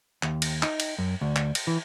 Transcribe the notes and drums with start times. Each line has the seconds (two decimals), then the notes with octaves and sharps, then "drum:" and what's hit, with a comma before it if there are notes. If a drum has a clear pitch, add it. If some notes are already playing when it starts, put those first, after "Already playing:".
0.23 D#2, drum: clap
0.42 drum: cymbal
0.63 D#4, drum: clap
0.80 drum: cymbal
0.99 F#2
1.21 D2
1.36 drum: clap
1.55 drum: cymbal
1.67 E3